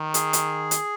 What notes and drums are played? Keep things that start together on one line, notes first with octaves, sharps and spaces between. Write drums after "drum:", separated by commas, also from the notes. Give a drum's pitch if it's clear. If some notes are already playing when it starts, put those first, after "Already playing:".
Already playing: D#3
G#4, drum: hi-hat
drum: hi-hat
drum: hi-hat